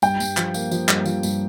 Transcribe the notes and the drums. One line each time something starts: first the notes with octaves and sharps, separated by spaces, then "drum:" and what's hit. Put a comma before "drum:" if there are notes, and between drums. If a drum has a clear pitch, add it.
G2 G5, drum: tambourine
G2, drum: tambourine
F3, drum: clap
A#3, drum: tambourine
F3, drum: tambourine
G2, drum: clap
F3, drum: tambourine
G2, drum: tambourine